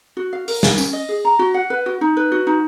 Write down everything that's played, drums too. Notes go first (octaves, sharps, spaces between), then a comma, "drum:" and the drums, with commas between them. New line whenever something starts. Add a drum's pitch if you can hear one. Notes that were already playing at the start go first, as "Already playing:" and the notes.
F#4
F5
A#4, drum: open hi-hat
G#5, drum: snare
C#4, drum: tambourine
D#5
G#4
A#5
F#4
F#5
B4
F#4
D#4
B4
F#4
D#4